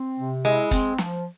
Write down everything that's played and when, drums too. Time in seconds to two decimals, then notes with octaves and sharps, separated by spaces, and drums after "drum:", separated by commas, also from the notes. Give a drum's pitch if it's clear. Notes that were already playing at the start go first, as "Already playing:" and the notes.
Already playing: C4
0.19 C3
0.45 G#3 E4
0.71 C4, drum: kick, hi-hat
0.98 F3, drum: snare